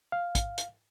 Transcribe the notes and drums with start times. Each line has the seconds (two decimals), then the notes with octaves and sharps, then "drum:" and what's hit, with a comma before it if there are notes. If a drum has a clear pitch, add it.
0.12 F5
0.35 drum: kick, hi-hat
0.58 drum: hi-hat